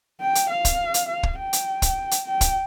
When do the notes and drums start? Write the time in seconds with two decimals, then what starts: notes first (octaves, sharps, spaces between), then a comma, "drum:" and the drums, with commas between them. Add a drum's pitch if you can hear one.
0.21 G5
0.35 drum: hi-hat
0.50 F5
0.65 drum: kick, hi-hat
0.94 drum: hi-hat
1.09 F5
1.23 drum: kick
1.39 G5
1.53 drum: hi-hat
1.82 drum: kick, hi-hat
2.11 drum: hi-hat
2.26 G5
2.41 drum: kick, hi-hat